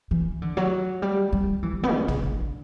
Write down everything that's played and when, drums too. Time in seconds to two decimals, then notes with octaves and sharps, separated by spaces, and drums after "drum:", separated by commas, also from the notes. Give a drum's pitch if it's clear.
0.11 E3
0.42 D3
0.57 F#3
1.02 G3
1.32 G3
1.63 E3
1.73 G3
1.83 B3
1.93 C#3
2.08 C#3, drum: tom
2.23 D3